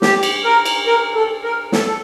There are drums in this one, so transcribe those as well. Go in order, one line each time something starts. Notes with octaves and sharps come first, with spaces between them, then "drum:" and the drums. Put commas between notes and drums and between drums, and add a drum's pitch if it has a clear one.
G4, drum: snare
drum: cymbal
A#4
drum: cymbal
A#4
A4
A#4
A4, drum: snare
A4